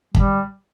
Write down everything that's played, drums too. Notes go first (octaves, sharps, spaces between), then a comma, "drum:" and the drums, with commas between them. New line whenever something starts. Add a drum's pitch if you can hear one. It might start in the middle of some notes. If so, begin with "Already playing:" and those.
G3, drum: kick